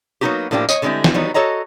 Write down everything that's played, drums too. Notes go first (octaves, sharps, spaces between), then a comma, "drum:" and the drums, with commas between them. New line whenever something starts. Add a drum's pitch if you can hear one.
F#3 A#3 B3 D#4 F#4 G4
A2 F3 A#3 D4 F4 G4
C#5 D#5, drum: tambourine
D3 G3 G#3 C4 E4
drum: snare
F#3 G3 B3 D#4 F#4
F#4 A4 C#5 D#5 A#5